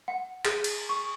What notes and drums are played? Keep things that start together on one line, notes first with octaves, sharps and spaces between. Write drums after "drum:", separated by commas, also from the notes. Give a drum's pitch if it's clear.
F#5
G#4, drum: clap
drum: cymbal
C#6